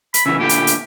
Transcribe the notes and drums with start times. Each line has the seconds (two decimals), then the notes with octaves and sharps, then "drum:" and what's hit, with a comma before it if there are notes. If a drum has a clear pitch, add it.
0.14 B5, drum: hi-hat
0.26 C#3 E3 E5
0.39 A#2 D3 E4 G4
0.49 drum: hi-hat
0.67 drum: hi-hat